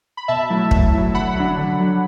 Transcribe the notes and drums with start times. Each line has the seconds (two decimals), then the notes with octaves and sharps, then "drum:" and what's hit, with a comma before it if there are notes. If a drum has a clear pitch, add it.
0.17 B5
0.28 B2 E5 A5
0.50 F#3 A3 E4
0.71 B2, drum: kick
0.94 F#3 A3 E4
1.14 D3 F#5 B5
1.36 F#3 D4
1.58 D3
1.80 F#3 D4